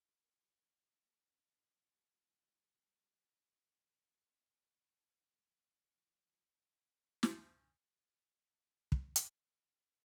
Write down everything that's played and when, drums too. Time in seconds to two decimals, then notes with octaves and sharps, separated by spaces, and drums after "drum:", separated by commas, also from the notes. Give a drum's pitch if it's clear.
0.05 A#2 F4
0.24 A#2 A#4
0.43 A#2 G3
0.62 F3 D#4
0.81 D#2 G3
1.00 D#2 G3
1.07 A#3
1.19 D#2
1.32 C4
1.39 D#3
1.57 A#2 D#4
1.77 A#2 F3
1.95 G3 F4
2.15 A#2 G3
2.33 D#2 G3
2.52 D#3
2.71 C4
2.91 C4
3.10 D#4
3.29 C3
3.48 C3
3.68 C3
3.86 A#2
4.06 A#2
4.25 C4
4.43 A#2
4.62 G3
4.82 G3
5.01 D#4
5.20 D#3
5.32 A#3
5.39 G2 G3
5.50 F3
5.58 G2 G3
5.77 G2 F3
5.96 F3 D#4
6.15 C4
6.34 D#4
6.53 G3
7.23 drum: snare
8.92 drum: kick
9.16 drum: hi-hat